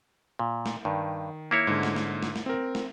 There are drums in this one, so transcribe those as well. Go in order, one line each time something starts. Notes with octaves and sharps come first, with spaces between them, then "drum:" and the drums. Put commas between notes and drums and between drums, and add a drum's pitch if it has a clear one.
A#2
drum: snare
G2 D#3
A#3 E4 C#5
G#2 D3
drum: snare
drum: snare
drum: snare
drum: snare
C4 A#4
drum: snare